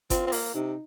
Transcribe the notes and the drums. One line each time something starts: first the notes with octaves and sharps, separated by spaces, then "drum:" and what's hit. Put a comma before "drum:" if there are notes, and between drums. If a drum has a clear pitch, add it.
C4 F4, drum: kick G1, hi-hat
C4
A#3, drum: open hi-hat
C3 D#4